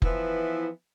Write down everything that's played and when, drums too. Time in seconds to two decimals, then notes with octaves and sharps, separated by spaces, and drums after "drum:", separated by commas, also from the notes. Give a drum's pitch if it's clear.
0.02 E3 F3 B3 E4, drum: kick F1